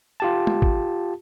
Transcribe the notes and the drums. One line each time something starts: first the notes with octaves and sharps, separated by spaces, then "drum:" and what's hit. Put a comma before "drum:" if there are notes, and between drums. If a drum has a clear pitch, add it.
F4 G4 A5
drum: tom G#3
drum: kick